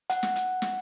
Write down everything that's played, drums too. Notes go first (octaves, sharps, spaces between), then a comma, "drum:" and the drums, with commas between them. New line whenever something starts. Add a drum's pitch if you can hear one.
F#5, drum: hi-hat
drum: snare
drum: hi-hat
drum: snare